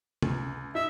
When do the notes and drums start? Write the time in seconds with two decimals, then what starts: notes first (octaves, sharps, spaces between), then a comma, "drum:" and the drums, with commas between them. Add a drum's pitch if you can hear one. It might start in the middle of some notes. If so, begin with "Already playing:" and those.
0.22 C#2, drum: tom
0.75 D#4 E5